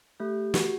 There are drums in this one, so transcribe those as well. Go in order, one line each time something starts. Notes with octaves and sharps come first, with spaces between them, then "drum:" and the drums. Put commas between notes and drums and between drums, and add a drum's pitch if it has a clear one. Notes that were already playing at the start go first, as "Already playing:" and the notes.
A3 G4
F#4, drum: snare